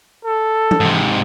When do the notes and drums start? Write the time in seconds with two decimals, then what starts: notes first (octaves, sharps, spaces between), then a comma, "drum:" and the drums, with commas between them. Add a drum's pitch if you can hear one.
0.25 A4
0.71 drum: tom E3
0.80 G#2 C3